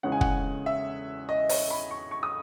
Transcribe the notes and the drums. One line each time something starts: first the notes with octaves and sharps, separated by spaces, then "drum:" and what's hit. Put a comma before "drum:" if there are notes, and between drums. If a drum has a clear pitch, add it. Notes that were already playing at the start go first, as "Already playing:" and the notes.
E2 C#3 G#3 C#4 F#5
G#5
F#5, drum: kick
E5
D#5
C#5, drum: open hi-hat
B5
C#6
C#6
D#6